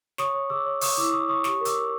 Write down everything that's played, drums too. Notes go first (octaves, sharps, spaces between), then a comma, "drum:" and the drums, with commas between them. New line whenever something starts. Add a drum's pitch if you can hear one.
C#5 C#6 D#6, drum: snare
C#5
G#4 D6 E6
C#5
C#5 C#6 D#6, drum: open hi-hat
E4 D6 E6
E4 C#6 D#6
C#5 C#6 D#6
G4 C#6 D#6, drum: snare
A#4
D6 E6, drum: hi-hat
A#4